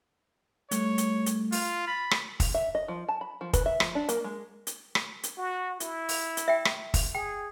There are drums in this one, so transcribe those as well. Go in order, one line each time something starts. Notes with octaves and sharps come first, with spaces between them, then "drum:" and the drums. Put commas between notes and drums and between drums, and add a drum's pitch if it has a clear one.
G3 A3 C#5, drum: hi-hat
drum: hi-hat
drum: hi-hat
F4, drum: open hi-hat
B5 A6
drum: rim click
drum: kick, open hi-hat
E5
D#5
F3
A5
B5
F3
B4, drum: kick, hi-hat
E5
F3, drum: rim click
D4
A#3, drum: hi-hat
G#3
drum: hi-hat
drum: rim click
drum: hi-hat
F#4
E4, drum: hi-hat
drum: open hi-hat
drum: hi-hat
E5 G5
drum: rim click
drum: kick, open hi-hat
G#4 G5